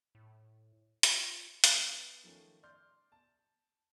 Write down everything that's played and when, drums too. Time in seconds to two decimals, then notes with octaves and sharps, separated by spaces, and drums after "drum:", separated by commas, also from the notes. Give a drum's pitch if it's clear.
0.15 A2
1.03 F4, drum: hi-hat
1.64 B3, drum: hi-hat
2.24 D#3 F3 A3 C#4
2.63 D5 C6 F6 G6
3.12 A5